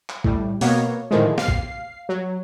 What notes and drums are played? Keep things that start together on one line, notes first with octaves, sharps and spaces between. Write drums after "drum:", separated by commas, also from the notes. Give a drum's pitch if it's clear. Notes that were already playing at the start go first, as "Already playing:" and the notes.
drum: clap
A2 G3, drum: kick
B2 A#3 B3 C#5, drum: open hi-hat
A2 D3 D#3 F3 G#3
F5 C7, drum: snare
drum: kick
F#3